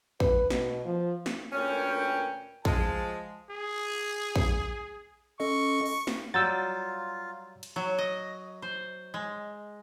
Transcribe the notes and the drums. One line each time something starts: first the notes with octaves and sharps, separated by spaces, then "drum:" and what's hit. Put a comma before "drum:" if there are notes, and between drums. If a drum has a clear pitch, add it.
B4, drum: kick
B2, drum: snare
F3
drum: snare
D2 A#2 C#4 A#4 B4 G5
F3 G#3 A5, drum: kick
G#4
drum: kick
C#4 A4 D#5 C#6
drum: open hi-hat
drum: snare
F#3 G3 F4 F#5 A#5 E6 G6 A6
drum: cymbal
F#3
D#5
C5
G#3